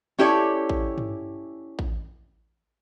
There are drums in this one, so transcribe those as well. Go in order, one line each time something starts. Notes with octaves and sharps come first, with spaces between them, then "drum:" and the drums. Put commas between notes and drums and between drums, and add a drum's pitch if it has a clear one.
C#4 E4 G4 A4 C#5 D5
drum: kick A1
drum: tom
drum: kick A1